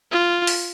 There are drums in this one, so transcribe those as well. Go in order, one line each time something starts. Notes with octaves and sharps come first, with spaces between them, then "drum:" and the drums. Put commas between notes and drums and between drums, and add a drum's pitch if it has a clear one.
F4
drum: open hi-hat